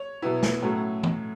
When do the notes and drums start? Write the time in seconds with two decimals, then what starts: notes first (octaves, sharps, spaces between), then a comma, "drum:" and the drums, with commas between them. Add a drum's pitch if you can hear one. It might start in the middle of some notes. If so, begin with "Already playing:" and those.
Already playing: C#5
0.22 B2 F#3 B3 E4
0.43 drum: snare
0.63 A2 F#3 A3 C#4
1.03 drum: tom E3